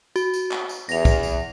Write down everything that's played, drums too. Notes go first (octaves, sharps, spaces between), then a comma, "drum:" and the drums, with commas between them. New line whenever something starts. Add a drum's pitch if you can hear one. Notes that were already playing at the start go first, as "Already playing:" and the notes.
F#4, drum: tambourine
drum: tambourine
drum: clap
drum: tambourine
E2 A#6 F7, drum: tambourine
drum: kick, tambourine
drum: tambourine